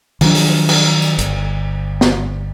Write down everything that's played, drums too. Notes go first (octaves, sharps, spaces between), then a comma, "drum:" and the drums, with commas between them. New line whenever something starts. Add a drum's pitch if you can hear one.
D#3 F3 F#3 D4, drum: cymbal
drum: open hi-hat
drum: cymbal
drum: tambourine
G1, drum: hi-hat
drum: snare